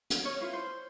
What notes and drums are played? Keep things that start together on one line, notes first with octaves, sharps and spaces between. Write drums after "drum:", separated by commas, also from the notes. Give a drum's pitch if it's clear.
drum: hi-hat
C#4 D#4 C#5 D#5
E4 F4 B4
C5